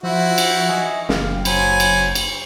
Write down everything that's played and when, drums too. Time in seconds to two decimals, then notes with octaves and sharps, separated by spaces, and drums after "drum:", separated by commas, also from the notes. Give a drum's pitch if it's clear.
0.03 F3 E4 F#4 C5 E5 C#6
0.38 drum: cymbal
0.69 D#5 E5 G#5
1.09 F#1 G4 F5, drum: snare
1.45 F#3 C5 G#5 B5, drum: cymbal
1.80 drum: cymbal
2.15 drum: cymbal